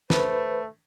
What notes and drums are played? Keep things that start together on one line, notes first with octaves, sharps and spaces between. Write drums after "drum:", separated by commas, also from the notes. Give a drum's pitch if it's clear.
A3 B4 C5, drum: snare